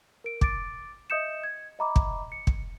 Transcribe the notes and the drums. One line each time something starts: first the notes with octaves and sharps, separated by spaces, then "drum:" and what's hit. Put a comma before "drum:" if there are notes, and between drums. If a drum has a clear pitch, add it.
A#4 D7
D6 A6 D7, drum: kick
D#5 E5 D#6 G6 C#7 E7
G#6
D#5 E5 A#5 B5 D6
drum: kick
C#7
drum: kick